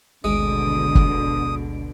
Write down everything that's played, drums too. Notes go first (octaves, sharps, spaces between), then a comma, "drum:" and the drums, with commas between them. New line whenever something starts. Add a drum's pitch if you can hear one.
G#1 D2 B2 D3 G#3 D#6 D7
drum: kick